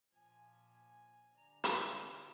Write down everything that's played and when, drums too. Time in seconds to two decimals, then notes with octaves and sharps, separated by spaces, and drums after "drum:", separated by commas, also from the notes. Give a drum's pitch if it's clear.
0.12 A#2 F3 G#5
0.72 G#5
1.33 D3 G3 A#5
1.64 G#5, drum: hi-hat
1.93 G5